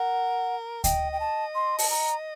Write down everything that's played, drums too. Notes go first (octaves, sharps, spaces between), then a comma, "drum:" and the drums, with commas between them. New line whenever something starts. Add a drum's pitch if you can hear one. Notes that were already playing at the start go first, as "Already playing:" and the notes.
Already playing: A#4 F#5
D#5 G5, drum: kick D2, hi-hat
G5
A5
C6
A5, drum: open hi-hat
A#5